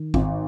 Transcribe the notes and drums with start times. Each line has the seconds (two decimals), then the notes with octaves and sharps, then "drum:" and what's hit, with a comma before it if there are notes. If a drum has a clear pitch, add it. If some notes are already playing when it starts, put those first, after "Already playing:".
Already playing: D#3
0.14 G#1, drum: kick G#1